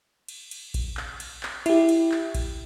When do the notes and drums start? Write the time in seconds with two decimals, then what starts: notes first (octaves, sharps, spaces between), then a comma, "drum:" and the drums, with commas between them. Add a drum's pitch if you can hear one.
0.28 drum: cymbal
0.51 drum: cymbal
0.74 drum: kick A#1, cymbal
0.97 drum: clap
1.20 drum: cymbal
1.43 drum: clap
1.66 E4 G4, drum: cymbal
1.89 drum: cymbal
2.12 drum: clap
2.35 drum: kick A#1, cymbal